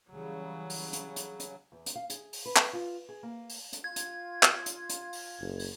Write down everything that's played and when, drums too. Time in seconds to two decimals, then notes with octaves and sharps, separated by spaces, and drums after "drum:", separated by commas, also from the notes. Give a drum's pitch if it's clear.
0.11 C#3 E3 F#3 G3
0.70 drum: open hi-hat
0.93 drum: hi-hat
1.16 drum: hi-hat
1.40 drum: hi-hat
1.72 E2
1.86 drum: hi-hat
1.95 F5
2.10 G#4, drum: hi-hat
2.33 drum: open hi-hat
2.45 B4
2.56 drum: clap
2.73 F4
3.09 G#4
3.23 A#3
3.50 drum: open hi-hat
3.73 drum: hi-hat
3.84 F4 G#6
3.96 drum: hi-hat
4.43 drum: clap
4.66 drum: hi-hat
4.89 drum: hi-hat
5.13 drum: open hi-hat
5.40 F#1
5.59 drum: open hi-hat